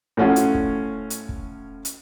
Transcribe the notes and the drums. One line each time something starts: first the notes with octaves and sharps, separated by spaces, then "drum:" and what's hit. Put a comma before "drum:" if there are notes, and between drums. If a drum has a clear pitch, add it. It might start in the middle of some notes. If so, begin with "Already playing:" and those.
A2 F3 C#4 F#4
drum: hi-hat
drum: kick
drum: hi-hat
drum: kick
drum: hi-hat